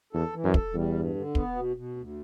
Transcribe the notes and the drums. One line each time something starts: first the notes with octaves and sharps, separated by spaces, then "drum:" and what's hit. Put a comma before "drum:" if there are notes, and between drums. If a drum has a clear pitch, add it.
E2 A4
E3
F#2
A4, drum: kick
E2 G3
G2
D3
B3, drum: kick
B2
B2
D2